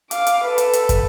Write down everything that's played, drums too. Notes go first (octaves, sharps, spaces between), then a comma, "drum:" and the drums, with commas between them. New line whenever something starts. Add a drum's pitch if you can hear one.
F5 D6, drum: hi-hat
drum: hi-hat
A4 B4
drum: hi-hat
drum: hi-hat
drum: kick, hi-hat